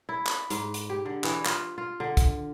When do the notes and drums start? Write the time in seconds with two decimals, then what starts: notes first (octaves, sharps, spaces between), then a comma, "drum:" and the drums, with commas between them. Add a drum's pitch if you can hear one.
0.09 E4
0.26 drum: clap
0.50 G#2, drum: hi-hat
0.74 drum: hi-hat
0.90 G4
1.05 D3
1.24 E3, drum: clap
1.46 F4, drum: clap
1.78 F4
2.00 D3
2.17 drum: kick, hi-hat